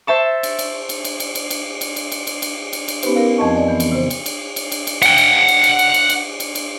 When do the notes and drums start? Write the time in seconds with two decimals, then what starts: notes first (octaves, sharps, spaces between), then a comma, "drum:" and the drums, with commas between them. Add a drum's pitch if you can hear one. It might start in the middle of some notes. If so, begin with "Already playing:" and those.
0.07 C5 E5 A5 C#6
0.43 drum: cymbal
0.59 drum: cymbal
0.89 drum: cymbal
1.05 drum: cymbal
1.20 drum: cymbal
1.35 drum: cymbal
1.50 drum: cymbal
1.81 drum: cymbal
1.96 drum: cymbal
2.12 drum: cymbal
2.27 drum: cymbal
2.42 drum: cymbal
2.73 drum: cymbal
2.88 drum: cymbal
3.03 B3 C#4 D#4 G4 B4 C5, drum: cymbal
3.16 A#4 F5
3.38 F2 F3 C4 D#5 A5 C#6
3.55 D5 D#5 G#5
3.68 E3 B3
3.80 drum: cymbal
3.92 C#3 C5
4.10 drum: cymbal
4.26 drum: cymbal
4.56 drum: cymbal
4.72 drum: cymbal
4.87 drum: cymbal
5.02 F#5 G5, drum: cymbal
5.18 drum: cymbal
5.48 drum: cymbal
5.63 drum: cymbal
5.79 drum: cymbal
5.94 drum: cymbal
6.09 drum: cymbal
6.40 drum: cymbal
6.55 drum: cymbal